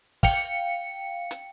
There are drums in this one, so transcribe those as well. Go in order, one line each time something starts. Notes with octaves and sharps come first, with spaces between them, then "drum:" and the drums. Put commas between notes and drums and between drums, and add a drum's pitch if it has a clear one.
F5 G5 C#7, drum: kick, open hi-hat
drum: hi-hat